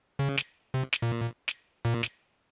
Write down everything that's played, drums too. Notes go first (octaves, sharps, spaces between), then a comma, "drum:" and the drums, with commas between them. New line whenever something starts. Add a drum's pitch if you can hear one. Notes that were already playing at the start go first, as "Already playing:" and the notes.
C#3
drum: snare
C3
drum: snare
A#2
drum: snare
A#2
drum: snare